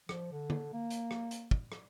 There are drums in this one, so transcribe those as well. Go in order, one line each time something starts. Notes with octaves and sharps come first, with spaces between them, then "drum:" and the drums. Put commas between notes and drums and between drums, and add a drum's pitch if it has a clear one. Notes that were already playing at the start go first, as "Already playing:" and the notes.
F3, drum: rim click
D3
drum: tom D3
A#3
drum: hi-hat
drum: rim click
drum: hi-hat
drum: kick
drum: rim click